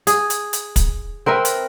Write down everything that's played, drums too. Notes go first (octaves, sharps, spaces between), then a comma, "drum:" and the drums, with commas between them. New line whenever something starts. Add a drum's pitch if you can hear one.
G#4, drum: hi-hat
drum: hi-hat
drum: hi-hat
drum: kick, hi-hat
C4 A#4 B4 E5
drum: hi-hat